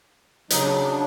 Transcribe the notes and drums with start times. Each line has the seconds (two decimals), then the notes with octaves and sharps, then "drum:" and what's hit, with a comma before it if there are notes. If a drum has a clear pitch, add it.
0.50 C#3 F#3 D#4, drum: hi-hat
0.61 D4
0.82 D4